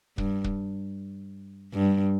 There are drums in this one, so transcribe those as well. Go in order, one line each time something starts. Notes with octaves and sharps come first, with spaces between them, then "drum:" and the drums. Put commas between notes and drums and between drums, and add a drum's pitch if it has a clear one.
G2, drum: kick
drum: kick
G2